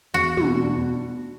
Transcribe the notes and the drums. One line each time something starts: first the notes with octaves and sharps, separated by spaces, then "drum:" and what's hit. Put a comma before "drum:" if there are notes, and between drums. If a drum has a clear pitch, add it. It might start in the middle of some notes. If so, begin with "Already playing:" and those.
E2 F#4
B2, drum: tom
D4